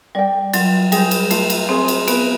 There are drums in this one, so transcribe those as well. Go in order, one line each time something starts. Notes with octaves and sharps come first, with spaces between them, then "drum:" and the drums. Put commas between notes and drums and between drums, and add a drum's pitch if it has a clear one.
G3 D5 G5
F#3 F4, drum: cymbal
G3 G#4 C5, drum: cymbal
drum: cymbal
A3 F4, drum: cymbal
drum: cymbal
C4 G#4 C5
drum: cymbal
B3 B4, drum: cymbal